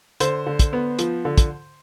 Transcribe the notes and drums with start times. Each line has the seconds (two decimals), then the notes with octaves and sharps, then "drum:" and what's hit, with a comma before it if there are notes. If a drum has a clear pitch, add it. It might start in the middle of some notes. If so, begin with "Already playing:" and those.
0.20 D3 C5, drum: hi-hat
0.47 D3
0.59 drum: kick, hi-hat
0.73 B3
0.99 F3, drum: hi-hat
1.25 D3
1.38 drum: kick, hi-hat